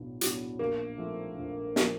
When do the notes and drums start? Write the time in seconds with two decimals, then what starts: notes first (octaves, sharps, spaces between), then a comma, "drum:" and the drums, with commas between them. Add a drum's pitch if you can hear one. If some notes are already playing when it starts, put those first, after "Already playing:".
Already playing: B1 A2 F#3 B3 D4
0.21 A2 F#3 B3 D4, drum: hi-hat
0.59 A#1 A#3
0.97 G#2 F3 A3 C4
1.37 A#1
1.76 F3 A3 C4, drum: snare